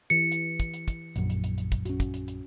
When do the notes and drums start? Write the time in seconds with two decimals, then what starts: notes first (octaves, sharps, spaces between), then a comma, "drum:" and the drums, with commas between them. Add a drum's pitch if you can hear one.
0.10 E3 G4 C#7
0.32 drum: hi-hat
0.60 drum: kick, hi-hat
0.74 drum: hi-hat
0.88 drum: kick, hi-hat
1.16 A#1 F#2, drum: hi-hat
1.30 drum: hi-hat
1.44 drum: hi-hat
1.58 drum: hi-hat
1.72 drum: kick, hi-hat
1.85 C#4 F#4, drum: hi-hat
2.00 drum: kick, hi-hat
2.14 drum: hi-hat
2.28 drum: hi-hat